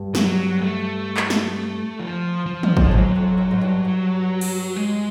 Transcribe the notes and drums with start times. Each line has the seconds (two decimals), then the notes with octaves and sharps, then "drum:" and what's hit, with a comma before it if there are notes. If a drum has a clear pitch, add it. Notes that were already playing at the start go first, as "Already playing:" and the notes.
Already playing: G2
0.15 F#3, drum: snare
0.60 A3
1.17 drum: clap
1.30 drum: snare
1.99 F3
2.46 F3
2.63 drum: tom
2.77 A#2, drum: kick
2.85 A2
2.91 G#2 F#3
3.15 F2
3.38 F#2
3.51 G#2
3.61 G2
3.85 G2
4.41 drum: cymbal
4.76 G#3